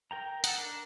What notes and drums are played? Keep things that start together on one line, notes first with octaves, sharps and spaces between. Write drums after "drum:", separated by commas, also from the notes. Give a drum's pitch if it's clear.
A#4 G5 A#5
D#4 A4 F#5, drum: hi-hat
D4 A#4